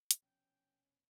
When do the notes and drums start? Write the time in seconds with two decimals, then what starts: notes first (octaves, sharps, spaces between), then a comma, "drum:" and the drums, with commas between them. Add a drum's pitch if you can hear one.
0.11 drum: hi-hat
0.22 F1 F2 B2 C#4 G5